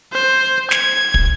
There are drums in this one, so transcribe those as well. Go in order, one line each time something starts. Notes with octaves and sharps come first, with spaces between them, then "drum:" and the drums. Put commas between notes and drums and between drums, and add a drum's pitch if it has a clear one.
C5
G#6, drum: snare
drum: kick